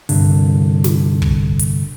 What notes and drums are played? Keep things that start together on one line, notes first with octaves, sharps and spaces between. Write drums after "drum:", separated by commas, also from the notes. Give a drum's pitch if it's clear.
C2 G2 D3, drum: open hi-hat
drum: snare
drum: kick
drum: hi-hat